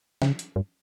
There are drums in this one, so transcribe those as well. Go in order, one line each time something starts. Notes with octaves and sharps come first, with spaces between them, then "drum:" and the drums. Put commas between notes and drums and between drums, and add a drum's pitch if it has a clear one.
C#3, drum: snare
drum: hi-hat
G2